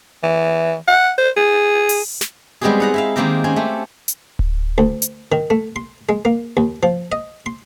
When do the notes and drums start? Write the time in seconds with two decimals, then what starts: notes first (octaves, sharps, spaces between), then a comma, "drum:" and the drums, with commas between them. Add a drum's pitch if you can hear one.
0.23 E3
0.88 F#5
1.18 C5
1.37 G#4
1.89 drum: open hi-hat
2.21 drum: snare
2.61 G3 G#3 B3 C4 G4 G#4
2.80 D#4 F#5 A#5
2.94 E4 E5 F5
3.16 D#3 G#3 A#3 C4 G4 A#4
3.44 C4 C#4 G#5
3.56 A3 G4
4.08 drum: hi-hat
4.39 drum: kick D1
4.78 D2
5.02 drum: hi-hat
5.32 D#3
5.50 A3
5.76 C6
6.09 G#3
6.25 A#3
6.57 D#2
6.83 F3
7.12 D#5
7.46 C6